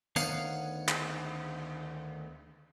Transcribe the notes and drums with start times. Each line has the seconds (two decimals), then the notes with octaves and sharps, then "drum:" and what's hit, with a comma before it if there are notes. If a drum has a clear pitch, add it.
0.16 D2 D#3 B3 C#5 F5 F#5, drum: tambourine
0.89 drum: clap